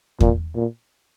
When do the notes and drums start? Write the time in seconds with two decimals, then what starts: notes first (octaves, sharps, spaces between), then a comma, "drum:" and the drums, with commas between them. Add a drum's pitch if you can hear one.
0.20 A#2, drum: kick E2
0.55 A#2